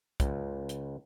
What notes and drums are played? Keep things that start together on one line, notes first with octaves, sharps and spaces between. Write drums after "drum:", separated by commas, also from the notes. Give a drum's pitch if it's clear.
C#2, drum: kick, hi-hat
drum: hi-hat